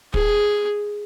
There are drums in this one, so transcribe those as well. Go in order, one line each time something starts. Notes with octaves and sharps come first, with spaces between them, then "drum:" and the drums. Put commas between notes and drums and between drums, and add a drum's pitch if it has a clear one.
G#4, drum: kick